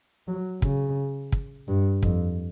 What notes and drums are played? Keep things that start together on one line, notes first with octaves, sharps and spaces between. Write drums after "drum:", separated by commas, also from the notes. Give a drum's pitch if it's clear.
F#3
C#3, drum: kick
drum: kick
G2
F2, drum: kick